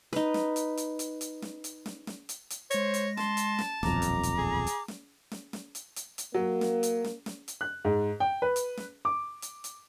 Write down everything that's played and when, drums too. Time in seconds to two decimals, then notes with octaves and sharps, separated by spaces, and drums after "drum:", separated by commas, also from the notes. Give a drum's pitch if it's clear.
0.13 D#4 B4, drum: snare
0.34 drum: snare
0.56 drum: hi-hat
0.77 drum: hi-hat
0.99 drum: hi-hat
1.21 drum: hi-hat
1.42 drum: snare
1.64 drum: hi-hat
1.86 drum: snare
2.07 drum: snare
2.29 drum: hi-hat
2.50 drum: hi-hat
2.71 G#3 C5 C#5 A#6, drum: hi-hat
2.94 drum: hi-hat
3.17 A5 C6, drum: snare
3.37 drum: hi-hat
3.59 drum: snare
3.83 D#1 B1 F2 A#5 D6, drum: snare
4.02 drum: hi-hat
4.23 drum: hi-hat
4.38 G#4
4.67 drum: hi-hat
4.88 drum: snare
5.31 drum: snare
5.53 drum: snare
5.75 drum: hi-hat
5.96 drum: hi-hat
6.18 drum: hi-hat
6.34 F#3 A#3
6.61 drum: snare
6.83 drum: hi-hat
7.04 drum: snare
7.26 drum: snare
7.48 drum: hi-hat
7.61 F#6
7.85 G#2
8.20 G5
8.42 B4
8.56 drum: hi-hat
8.77 drum: snare
9.05 D6
9.42 drum: hi-hat
9.64 drum: hi-hat